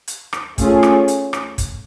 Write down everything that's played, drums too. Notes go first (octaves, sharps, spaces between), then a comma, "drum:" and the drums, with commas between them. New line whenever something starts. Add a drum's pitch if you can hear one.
drum: hi-hat
drum: rim click
A3 C#4 F4 G#4, drum: kick, hi-hat
drum: rim click
drum: hi-hat
drum: rim click
drum: kick, hi-hat